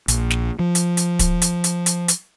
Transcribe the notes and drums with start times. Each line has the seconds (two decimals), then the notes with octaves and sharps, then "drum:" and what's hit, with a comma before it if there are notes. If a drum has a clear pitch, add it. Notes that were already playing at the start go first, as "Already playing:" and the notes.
0.08 A#1, drum: hi-hat
0.30 drum: snare
0.59 F3
0.75 drum: hi-hat
0.97 drum: hi-hat
1.19 drum: kick, hi-hat
1.42 drum: hi-hat
1.64 drum: hi-hat
1.86 drum: hi-hat
2.08 drum: hi-hat